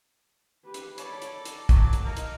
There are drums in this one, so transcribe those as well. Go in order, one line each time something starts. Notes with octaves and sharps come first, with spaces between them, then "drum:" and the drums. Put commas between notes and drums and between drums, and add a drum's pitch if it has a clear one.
G4 B4
drum: hi-hat
A4 C#5 D5 B5, drum: hi-hat
drum: hi-hat
A#4
drum: hi-hat
F#3 A5 D6, drum: kick, hi-hat
drum: hi-hat
A#3 D#4 A#4 D#5
drum: hi-hat